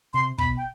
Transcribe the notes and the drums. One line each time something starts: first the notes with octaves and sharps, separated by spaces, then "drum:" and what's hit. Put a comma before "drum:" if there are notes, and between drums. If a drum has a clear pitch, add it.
C3 C6
B2 B5, drum: kick
G5